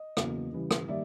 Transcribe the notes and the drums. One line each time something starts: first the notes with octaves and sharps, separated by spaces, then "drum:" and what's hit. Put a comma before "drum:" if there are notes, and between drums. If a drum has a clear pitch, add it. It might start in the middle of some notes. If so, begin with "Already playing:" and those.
Already playing: D#5
E2 C#3 F#3 A#3, drum: rim click
C#3 E3 G3
drum: rim click
D#3 G3 A#3 D5 E5